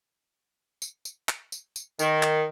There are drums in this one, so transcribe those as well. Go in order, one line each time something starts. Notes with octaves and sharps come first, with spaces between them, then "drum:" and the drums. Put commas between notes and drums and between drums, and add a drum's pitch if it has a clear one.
drum: tambourine
drum: tambourine
drum: clap
drum: tambourine
drum: tambourine
D#3, drum: tambourine
drum: clap